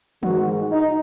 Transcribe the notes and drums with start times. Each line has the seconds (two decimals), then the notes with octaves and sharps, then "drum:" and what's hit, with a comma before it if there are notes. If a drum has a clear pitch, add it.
0.23 G#2 D#3 F#4, drum: tom D#3
0.72 D#4